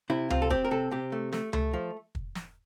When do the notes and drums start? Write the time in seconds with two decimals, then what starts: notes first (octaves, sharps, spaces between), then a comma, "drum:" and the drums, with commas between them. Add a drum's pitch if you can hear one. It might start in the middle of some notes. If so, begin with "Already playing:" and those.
0.10 C3 E4
0.30 C4 F4, drum: tom C#2
0.42 A4
0.50 C4 G4, drum: kick
0.65 A#4
0.71 C3 A4
0.91 C3 G4
1.12 A3
1.33 A3, drum: snare
1.53 A3, drum: tom C#2
1.73 F3
2.15 drum: kick
2.35 drum: snare